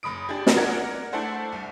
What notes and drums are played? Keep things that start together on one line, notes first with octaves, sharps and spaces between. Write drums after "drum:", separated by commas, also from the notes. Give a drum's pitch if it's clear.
F#1 B5 D#6 D7
D4 G4 G#4
drum: snare
A#4 D5 F#5 G#6
A3 D4 E4 A4 C5 F#5
C2